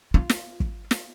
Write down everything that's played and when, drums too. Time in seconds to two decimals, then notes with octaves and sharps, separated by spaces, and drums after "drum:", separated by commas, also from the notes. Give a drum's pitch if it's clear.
0.14 F4
0.30 drum: snare
0.60 drum: kick
0.91 drum: snare